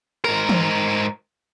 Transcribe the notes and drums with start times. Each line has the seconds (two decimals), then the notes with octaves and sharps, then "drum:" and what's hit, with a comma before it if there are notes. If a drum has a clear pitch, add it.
0.24 G#2 A#4, drum: rim click
0.49 drum: tom E3